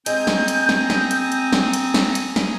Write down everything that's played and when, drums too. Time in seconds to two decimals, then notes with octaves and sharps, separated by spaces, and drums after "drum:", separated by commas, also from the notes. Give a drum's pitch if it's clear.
0.06 G#3 C4 G#5 A#5 D#6 G6, drum: hi-hat
0.27 drum: snare
0.48 drum: hi-hat
0.69 drum: snare
0.90 drum: snare
1.11 drum: hi-hat
1.32 drum: hi-hat
1.53 drum: snare
1.73 drum: hi-hat
1.94 drum: snare
2.15 drum: hi-hat
2.36 drum: snare